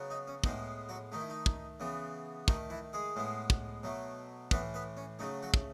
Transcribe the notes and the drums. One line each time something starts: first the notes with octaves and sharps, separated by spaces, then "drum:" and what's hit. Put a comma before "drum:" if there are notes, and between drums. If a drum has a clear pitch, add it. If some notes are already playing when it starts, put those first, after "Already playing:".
Already playing: C#3 F#3 B3
D#4
C#4
A2 G#3 B3 D#4, drum: kick
F#3 F#4
D#3 A3 D#4
E4
D#4
drum: kick
C#3 E3 B3
D#3 A3 D#4, drum: kick
E3 E4
G#3 G#4
A2 G#3 B3
drum: kick
B2 F#3 A3
A2 E3 A3 B3 B4, drum: kick
B3 B4
C#4
C#3 F#3 A3 D#4
F#3 F#4
drum: kick